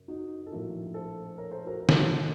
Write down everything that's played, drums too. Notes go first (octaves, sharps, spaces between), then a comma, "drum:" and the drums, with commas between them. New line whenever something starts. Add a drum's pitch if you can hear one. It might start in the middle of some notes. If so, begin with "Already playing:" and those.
Already playing: F#2 C#3
D#4 F#4
A4
A#1 A2 F3 F#4 A#4
A4 C5
A#4 C#5
A4 C5
F#4 A#4
A#4
A4, drum: snare
F#4
F4 A4